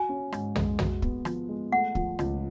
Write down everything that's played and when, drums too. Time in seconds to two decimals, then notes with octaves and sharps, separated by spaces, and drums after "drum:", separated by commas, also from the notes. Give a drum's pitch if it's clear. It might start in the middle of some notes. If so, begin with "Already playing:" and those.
Already playing: F#4 G#5
0.09 C#4
0.32 G#2, drum: rim click
0.56 G#3, drum: tom
0.79 F#4, drum: tom
1.02 B3, drum: kick
1.25 F3, drum: rim click
1.49 G#3
1.72 A3 F#5
1.95 F3, drum: kick
2.19 C#2, drum: rim click